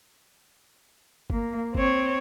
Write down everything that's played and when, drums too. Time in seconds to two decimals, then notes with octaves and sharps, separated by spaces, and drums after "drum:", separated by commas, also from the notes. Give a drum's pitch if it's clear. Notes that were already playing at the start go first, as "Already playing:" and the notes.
1.30 A#3, drum: kick
1.75 C4 C#5, drum: kick